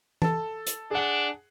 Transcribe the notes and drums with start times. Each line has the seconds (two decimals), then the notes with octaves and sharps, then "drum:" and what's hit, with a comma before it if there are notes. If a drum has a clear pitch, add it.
0.22 A4 A5, drum: tom E3
0.67 drum: hi-hat
0.91 D4 G#4 F#5